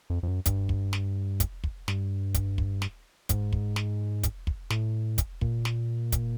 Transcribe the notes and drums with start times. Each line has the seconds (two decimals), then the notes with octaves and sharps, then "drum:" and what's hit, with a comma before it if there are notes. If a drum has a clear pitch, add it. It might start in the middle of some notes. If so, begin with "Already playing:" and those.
0.10 F2
0.23 F2
0.28 F#2
0.46 G2, drum: kick, hi-hat
0.69 drum: kick
0.93 drum: snare
1.40 drum: kick, hi-hat
1.64 drum: kick
1.88 G2, drum: snare
2.34 drum: kick, hi-hat
2.58 drum: kick
2.82 drum: snare
3.29 G#2, drum: kick, hi-hat
3.53 drum: kick
3.76 drum: snare
4.23 drum: kick, hi-hat
4.47 drum: kick
4.70 A2, drum: snare
5.18 drum: kick, hi-hat
5.41 A#2, drum: kick
5.65 drum: snare
6.12 drum: kick, hi-hat